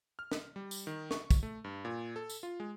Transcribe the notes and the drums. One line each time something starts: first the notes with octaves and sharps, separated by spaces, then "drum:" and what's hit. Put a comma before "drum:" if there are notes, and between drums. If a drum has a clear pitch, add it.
F6
drum: snare
G3
drum: tambourine
D#3
C#6, drum: snare
drum: kick, tambourine
A3
G2
A#2
A4
drum: tambourine
F4
G#3